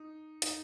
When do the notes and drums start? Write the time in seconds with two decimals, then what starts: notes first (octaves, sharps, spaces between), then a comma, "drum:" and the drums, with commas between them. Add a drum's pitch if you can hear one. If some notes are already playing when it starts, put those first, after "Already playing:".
Already playing: D#4
0.42 D#4, drum: hi-hat